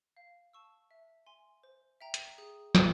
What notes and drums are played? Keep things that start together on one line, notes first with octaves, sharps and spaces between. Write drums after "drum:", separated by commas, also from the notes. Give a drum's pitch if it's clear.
F5
A5 C#6 E6
E5
G#5 C6
C5
E5 G5 A#5
drum: hi-hat
G#4
B4 D5 G5 C6, drum: snare